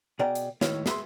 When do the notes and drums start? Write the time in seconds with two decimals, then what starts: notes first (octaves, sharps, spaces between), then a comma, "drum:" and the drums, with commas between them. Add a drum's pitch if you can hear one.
0.19 B2 G#4 D5 F#5 G5 A#5
0.35 drum: hi-hat
0.61 A2 D#3 E4 C#5 F5, drum: snare
0.86 G#4 E5 B5 C6, drum: snare